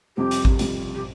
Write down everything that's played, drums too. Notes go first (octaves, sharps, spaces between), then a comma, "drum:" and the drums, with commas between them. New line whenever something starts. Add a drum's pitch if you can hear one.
F2 C3 G3 G4
drum: hi-hat
drum: kick A1
F2 C3 G3, drum: hi-hat
G4